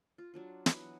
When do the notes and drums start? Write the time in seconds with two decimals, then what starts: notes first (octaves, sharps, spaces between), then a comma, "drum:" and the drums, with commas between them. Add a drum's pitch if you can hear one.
0.18 F4
0.34 F#3 D4 F4
0.66 E3 F#3 B3 F#4, drum: snare